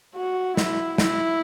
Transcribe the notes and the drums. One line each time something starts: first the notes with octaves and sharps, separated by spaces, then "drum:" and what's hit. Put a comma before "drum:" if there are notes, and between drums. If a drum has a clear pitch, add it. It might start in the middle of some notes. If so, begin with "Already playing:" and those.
F#4
E4, drum: snare
E4, drum: snare